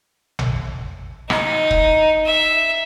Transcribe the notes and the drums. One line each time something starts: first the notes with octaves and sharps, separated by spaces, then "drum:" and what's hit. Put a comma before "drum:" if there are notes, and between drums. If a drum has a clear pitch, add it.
drum: tom A1
D#4, drum: rim click
drum: kick
E5